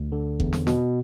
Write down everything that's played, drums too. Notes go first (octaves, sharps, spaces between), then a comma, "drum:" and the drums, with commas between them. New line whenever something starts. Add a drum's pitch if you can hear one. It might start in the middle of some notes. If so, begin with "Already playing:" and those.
Already playing: D2
D3
E2, drum: kick F#1
drum: snare
B2, drum: snare